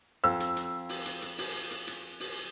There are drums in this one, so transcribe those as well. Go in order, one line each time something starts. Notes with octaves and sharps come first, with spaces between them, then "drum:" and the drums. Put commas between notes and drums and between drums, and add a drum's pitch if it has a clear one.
F2 E6
drum: hi-hat
drum: hi-hat
drum: open hi-hat
drum: hi-hat
drum: hi-hat
drum: open hi-hat
drum: hi-hat
drum: hi-hat
drum: open hi-hat